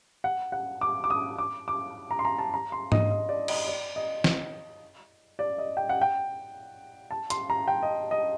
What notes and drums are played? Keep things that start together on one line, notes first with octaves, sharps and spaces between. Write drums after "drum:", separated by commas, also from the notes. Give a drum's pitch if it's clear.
F#5
F#5
D6
D6
D#6
D6
D6
A#5
C6
A#5
A5
A#5
C6
D#5, drum: tom G#2
D#5
D5
D#5, drum: cymbal
D5
D#5
drum: snare
D5
D#5
G5
F#5
G5
A5
C6, drum: hi-hat
A#5
G5
D#5
D#5